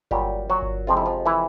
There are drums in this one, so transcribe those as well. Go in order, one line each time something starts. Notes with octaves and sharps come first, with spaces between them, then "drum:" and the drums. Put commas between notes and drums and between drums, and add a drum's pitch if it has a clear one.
A#2 F#3 G3 G4, drum: kick G1
F#3 F#4
drum: kick G1
F2 C3 F3 G#3 F4
E4
F3 F4
E3 E4